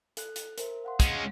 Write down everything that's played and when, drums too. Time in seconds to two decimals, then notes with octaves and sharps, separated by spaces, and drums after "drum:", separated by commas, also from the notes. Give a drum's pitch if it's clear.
0.17 A4 F#6, drum: hi-hat
0.36 drum: hi-hat
0.58 A#4 C5 E5, drum: hi-hat
0.84 F5 F#5 C6
1.00 G#3 C#4, drum: kick, hi-hat